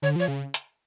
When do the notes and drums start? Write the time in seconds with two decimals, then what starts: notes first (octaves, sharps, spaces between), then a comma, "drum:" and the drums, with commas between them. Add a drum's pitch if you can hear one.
0.02 D3 C#5
0.16 F3 C#5
0.28 C#3
0.54 drum: hi-hat